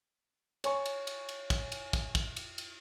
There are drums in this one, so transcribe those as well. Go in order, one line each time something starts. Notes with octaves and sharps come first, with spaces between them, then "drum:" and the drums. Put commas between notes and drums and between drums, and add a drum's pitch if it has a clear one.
C#5 G#5 C#6, drum: cymbal
drum: cymbal
drum: cymbal
drum: cymbal
drum: kick, cymbal
drum: cymbal
drum: kick, cymbal
drum: kick, cymbal
drum: cymbal
drum: cymbal